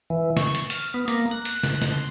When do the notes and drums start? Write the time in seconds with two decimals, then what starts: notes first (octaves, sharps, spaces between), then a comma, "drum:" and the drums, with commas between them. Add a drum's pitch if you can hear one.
0.10 E3
0.37 C#6, drum: snare
0.55 drum: hi-hat
0.70 F6, drum: hi-hat
0.94 B3
1.08 A#3, drum: hi-hat
1.31 F#6
1.45 drum: hi-hat
1.64 drum: snare
1.82 drum: snare
1.93 C6